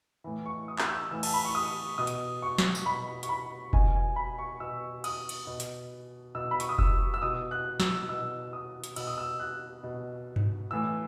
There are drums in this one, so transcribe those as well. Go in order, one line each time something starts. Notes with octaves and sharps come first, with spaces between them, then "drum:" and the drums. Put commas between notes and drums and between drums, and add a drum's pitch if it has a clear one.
A2 E3
C#6
D#6
drum: clap
E6
A2 E3 E6
A5, drum: cymbal
B5
C#6
D#6
B2 D#6
drum: hi-hat
C#6
drum: snare
drum: tambourine
B2 B5
C#6, drum: hi-hat
B5
B2 G#5, drum: kick F1
G#5
B5
C#6
B2 E6
D#6, drum: cymbal
drum: cymbal
B2
drum: hi-hat
B2 E6
B5
C#6, drum: hi-hat
D#6
E6, drum: kick F1
E6
B2 D#6
F#6
E6, drum: snare
B2 E6
D#6
drum: hi-hat
B2 E6, drum: cymbal
D#6
E6
F#6
B2
drum: tom G2
A2 E3 E6